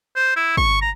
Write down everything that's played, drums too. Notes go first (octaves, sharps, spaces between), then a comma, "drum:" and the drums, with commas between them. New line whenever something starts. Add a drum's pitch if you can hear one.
C5
E4
C#6, drum: kick
A#5